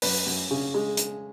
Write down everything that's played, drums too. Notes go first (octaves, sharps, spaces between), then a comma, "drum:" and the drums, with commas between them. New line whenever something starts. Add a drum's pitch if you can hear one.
F#2 B4, drum: open hi-hat
F#2
C#3
G#3
drum: hi-hat